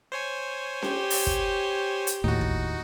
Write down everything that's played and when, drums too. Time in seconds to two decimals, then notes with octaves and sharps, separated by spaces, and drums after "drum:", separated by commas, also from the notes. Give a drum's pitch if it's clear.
0.12 C5 C#5 G#5
0.82 G4, drum: snare C#4
1.10 drum: open hi-hat
1.27 drum: kick
2.07 drum: hi-hat
2.24 D#2 A2 D#4 F#4
2.41 drum: kick